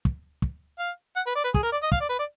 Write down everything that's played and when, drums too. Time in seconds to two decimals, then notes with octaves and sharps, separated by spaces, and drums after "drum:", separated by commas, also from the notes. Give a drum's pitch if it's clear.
0.05 drum: kick
0.42 drum: kick
0.79 F5
1.16 F#5
1.27 B4
1.35 D5
1.44 B4
1.54 G#4, drum: kick
1.63 A#4
1.72 D5
1.82 D#5
1.92 F5, drum: kick
2.01 D5
2.09 B4
2.19 D5